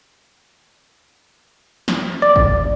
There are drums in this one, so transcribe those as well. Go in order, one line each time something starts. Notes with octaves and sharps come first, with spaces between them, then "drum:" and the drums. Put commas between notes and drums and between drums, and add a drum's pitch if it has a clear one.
drum: snare
D5
drum: kick G#1